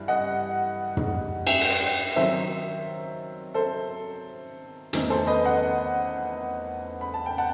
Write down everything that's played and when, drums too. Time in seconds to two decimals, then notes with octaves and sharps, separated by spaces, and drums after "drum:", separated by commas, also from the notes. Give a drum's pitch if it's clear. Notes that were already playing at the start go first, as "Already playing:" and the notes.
Already playing: G2 E3 G3 E4
0.08 D#5 F#5
0.97 drum: tom
1.47 E5 G5, drum: cymbal
1.61 drum: open hi-hat
2.16 D#3 F#3 C4 C5 E5
3.54 A4 C5
4.93 E2 D#3 A3 C4 D#4, drum: hi-hat
5.10 A4 C5
5.27 B4 D#5
5.44 D#5 F#5
7.01 B5
7.14 A5
7.26 G5
7.38 F#5 A5